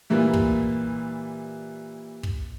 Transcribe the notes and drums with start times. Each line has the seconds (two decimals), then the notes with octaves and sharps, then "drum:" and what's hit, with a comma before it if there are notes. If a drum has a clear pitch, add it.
0.10 A#2 E3 G3 A#3
0.33 drum: kick
2.23 drum: kick